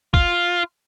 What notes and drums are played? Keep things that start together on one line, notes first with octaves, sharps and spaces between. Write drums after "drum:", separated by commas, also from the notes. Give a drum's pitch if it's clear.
F4, drum: kick F#1